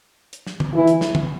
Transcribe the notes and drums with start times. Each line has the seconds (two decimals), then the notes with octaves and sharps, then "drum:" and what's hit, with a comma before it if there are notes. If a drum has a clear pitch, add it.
0.33 drum: hi-hat
0.47 drum: snare
0.60 drum: tom
0.74 E3 E4
0.87 drum: hi-hat
1.01 drum: snare
1.15 drum: tom